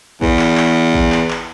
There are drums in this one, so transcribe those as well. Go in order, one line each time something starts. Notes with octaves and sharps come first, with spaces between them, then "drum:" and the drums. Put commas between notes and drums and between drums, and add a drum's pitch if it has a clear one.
E2, drum: kick
drum: clap
drum: clap
drum: kick
drum: clap
drum: clap